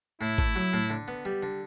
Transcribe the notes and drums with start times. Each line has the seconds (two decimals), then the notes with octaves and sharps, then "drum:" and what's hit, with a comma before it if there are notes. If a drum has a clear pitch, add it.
0.21 A2 E4
0.38 A3, drum: kick G#1
0.56 F#3
0.73 A2
0.90 D3
1.08 B3
1.25 G3
1.43 D3